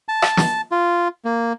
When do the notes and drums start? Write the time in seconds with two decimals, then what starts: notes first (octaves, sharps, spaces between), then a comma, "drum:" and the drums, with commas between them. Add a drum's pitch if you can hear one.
0.09 A5
0.22 drum: rim click
0.37 drum: snare
0.72 F4
1.25 A#3